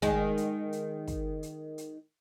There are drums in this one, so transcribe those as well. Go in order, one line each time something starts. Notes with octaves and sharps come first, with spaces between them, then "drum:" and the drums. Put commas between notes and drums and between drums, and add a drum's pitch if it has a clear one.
D#3 G#3, drum: kick, hi-hat
drum: hi-hat
drum: hi-hat
drum: kick, hi-hat
drum: hi-hat
drum: hi-hat